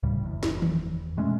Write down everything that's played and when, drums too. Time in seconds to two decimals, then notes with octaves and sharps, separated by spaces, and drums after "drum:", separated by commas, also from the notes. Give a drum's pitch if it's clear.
0.03 D2 A2 C#3 G3
0.23 F#1 E2
0.43 drum: snare
0.62 drum: tom D#3
1.17 B2 G#3 A3 C#4